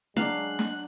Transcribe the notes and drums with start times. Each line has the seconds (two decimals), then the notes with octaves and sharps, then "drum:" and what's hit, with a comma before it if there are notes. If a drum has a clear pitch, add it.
0.16 F#3 G#3 D4 F5 F#6, drum: snare
0.59 drum: snare